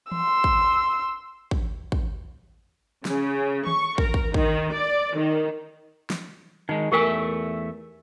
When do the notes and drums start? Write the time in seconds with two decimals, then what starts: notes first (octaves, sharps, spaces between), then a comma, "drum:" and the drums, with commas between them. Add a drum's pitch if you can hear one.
0.12 C6 E6, drum: tom E3
0.44 drum: kick
1.51 drum: kick
1.92 drum: kick
3.05 C#3, drum: snare
3.67 C#6, drum: tom D#3
3.98 A#4, drum: kick
4.14 drum: kick
4.34 D#3, drum: kick
4.72 D5
5.16 D#3
6.10 drum: snare
6.69 D#3 G#3 D#4
6.92 E2 A3 G4 A#4 E5 G#5